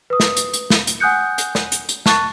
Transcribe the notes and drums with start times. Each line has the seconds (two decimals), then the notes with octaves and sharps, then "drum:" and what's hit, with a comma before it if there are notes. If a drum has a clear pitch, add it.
0.10 B4 D#6
0.20 drum: snare
0.37 drum: hi-hat
0.54 drum: hi-hat
0.70 drum: snare
0.87 drum: hi-hat
1.00 F#5 G#5 D#6 F#6 G6 C#7
1.38 drum: hi-hat
1.55 drum: snare
1.72 drum: hi-hat
1.89 drum: hi-hat
2.06 A5 C#6 F#6 A6, drum: snare